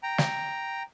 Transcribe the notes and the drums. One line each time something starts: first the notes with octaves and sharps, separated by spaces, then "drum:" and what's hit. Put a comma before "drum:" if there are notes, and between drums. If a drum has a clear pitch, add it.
G5 A#5
drum: snare